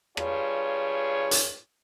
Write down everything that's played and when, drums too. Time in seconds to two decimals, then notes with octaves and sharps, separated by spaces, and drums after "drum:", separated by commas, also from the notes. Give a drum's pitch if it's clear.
0.17 G2 F4 G#4 C#5, drum: rim click
1.31 drum: hi-hat